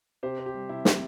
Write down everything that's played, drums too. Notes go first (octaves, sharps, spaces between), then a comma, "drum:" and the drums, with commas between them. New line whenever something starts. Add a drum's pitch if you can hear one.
C3 G4 C5
C4
G4
G3
C3 E4
C3, drum: snare